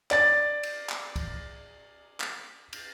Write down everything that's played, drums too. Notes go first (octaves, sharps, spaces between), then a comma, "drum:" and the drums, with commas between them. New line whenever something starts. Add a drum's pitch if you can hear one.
D5 A6, drum: clap
drum: cymbal
drum: clap
drum: kick, cymbal
drum: clap
drum: cymbal